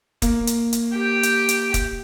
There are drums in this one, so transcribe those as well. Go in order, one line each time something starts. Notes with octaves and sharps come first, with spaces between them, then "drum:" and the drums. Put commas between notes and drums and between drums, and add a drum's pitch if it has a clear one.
A#3, drum: kick, hi-hat
drum: hi-hat
drum: hi-hat
G4 G5
drum: hi-hat
drum: hi-hat
drum: kick, hi-hat